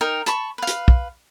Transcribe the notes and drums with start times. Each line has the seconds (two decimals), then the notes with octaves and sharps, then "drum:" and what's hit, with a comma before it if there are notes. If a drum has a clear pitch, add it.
0.01 D#4 A#4 G5
0.26 A5 B5 C#6, drum: hi-hat
0.58 B4 F5
0.67 drum: hi-hat
0.88 drum: kick